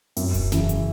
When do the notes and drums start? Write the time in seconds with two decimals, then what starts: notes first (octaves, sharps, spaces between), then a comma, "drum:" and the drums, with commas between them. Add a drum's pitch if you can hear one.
0.17 F#2, drum: open hi-hat
0.34 drum: kick E1, hi-hat
0.52 C#3 E3, drum: snare
0.69 drum: hi-hat